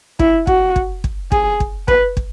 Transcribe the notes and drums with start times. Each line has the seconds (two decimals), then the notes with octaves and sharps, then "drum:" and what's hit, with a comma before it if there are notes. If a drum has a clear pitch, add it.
0.19 E4, drum: kick
0.47 F#4, drum: kick
0.76 drum: kick
1.04 drum: kick
1.32 G#4, drum: kick
1.60 drum: kick
1.88 B4, drum: kick
2.17 drum: kick